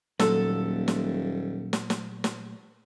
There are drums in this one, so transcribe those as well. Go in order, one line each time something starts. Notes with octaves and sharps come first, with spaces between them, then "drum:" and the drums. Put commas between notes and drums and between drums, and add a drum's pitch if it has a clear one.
D#1 A#2 F#3 A4, drum: snare
drum: snare
drum: snare
drum: snare
drum: snare